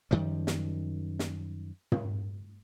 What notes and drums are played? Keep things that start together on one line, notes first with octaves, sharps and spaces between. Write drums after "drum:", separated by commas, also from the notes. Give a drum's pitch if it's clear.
F#2 D#3 F3 G3
drum: snare
drum: snare
drum: tom